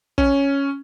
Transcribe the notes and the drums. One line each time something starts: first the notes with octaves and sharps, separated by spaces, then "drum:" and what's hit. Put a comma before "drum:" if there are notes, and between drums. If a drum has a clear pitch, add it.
C#4, drum: kick